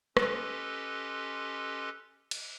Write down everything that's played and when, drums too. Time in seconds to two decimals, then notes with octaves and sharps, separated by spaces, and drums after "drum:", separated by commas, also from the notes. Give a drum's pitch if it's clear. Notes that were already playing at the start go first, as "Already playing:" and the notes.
0.17 C#4 G4 A4 B4 D#5 C6, drum: rim click
2.31 drum: cymbal